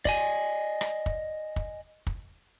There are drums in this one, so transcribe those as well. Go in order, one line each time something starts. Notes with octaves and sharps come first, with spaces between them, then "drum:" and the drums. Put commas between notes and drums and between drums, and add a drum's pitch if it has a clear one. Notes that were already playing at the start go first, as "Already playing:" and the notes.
D5 D#5 G#5, drum: kick
drum: rim click
drum: kick
drum: kick
drum: kick